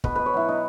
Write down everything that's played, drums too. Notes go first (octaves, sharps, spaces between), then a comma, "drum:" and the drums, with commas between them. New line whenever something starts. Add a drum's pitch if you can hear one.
B2 B4, drum: kick
B2 B4
C#5
F#3 E4
B2 D#4